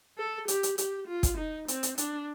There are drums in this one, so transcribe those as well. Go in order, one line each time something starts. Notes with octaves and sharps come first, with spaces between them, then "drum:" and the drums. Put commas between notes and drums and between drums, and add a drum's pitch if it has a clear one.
A4
G4, drum: hi-hat
drum: hi-hat
G4, drum: hi-hat
F4
drum: kick, hi-hat
D#4
C4, drum: hi-hat
drum: hi-hat
D4, drum: hi-hat